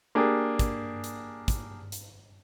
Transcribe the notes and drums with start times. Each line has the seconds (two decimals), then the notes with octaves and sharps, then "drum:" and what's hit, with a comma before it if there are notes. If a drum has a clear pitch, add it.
0.15 A#3 D4 G4 G#4
0.59 drum: kick, hi-hat
1.04 drum: hi-hat
1.48 drum: kick, hi-hat
1.92 drum: hi-hat